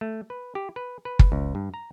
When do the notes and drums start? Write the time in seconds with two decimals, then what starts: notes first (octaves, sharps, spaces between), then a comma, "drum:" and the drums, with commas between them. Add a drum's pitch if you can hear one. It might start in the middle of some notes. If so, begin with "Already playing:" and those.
0.01 A3
0.30 B4
0.55 G4
0.76 B4
1.05 B4
1.19 drum: kick
1.32 C#2
1.55 G2
1.74 A#5